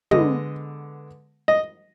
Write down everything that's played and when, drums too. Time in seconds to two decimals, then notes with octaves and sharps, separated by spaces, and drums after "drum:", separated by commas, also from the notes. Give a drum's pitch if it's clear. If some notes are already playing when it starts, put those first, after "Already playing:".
0.11 D3 G#3 B3 D#5, drum: tom
1.48 D#5